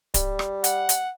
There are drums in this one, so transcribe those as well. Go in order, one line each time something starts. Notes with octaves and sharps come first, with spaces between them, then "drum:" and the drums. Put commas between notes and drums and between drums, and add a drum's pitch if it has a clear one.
G3, drum: kick D1, hi-hat
drum: rim click
F#5, drum: hi-hat
drum: hi-hat